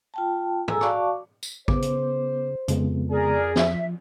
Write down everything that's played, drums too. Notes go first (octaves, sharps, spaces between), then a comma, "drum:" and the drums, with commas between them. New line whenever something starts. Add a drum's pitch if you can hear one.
F4 G5 A5
G#4 A4 G#5 A#5 E6, drum: tom
F#4 D5 F5 A5 C#6 D6, drum: rim click
drum: tambourine
C#3 B3 C5 D6, drum: kick
drum: hi-hat
F2 C#3 G#3 B3, drum: hi-hat
G#4 A#4 D5
F3 E5, drum: snare